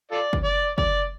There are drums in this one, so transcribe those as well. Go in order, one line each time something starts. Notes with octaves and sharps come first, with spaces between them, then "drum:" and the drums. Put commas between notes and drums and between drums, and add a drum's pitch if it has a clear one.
F4 A4 D5
drum: kick
D5
D5, drum: kick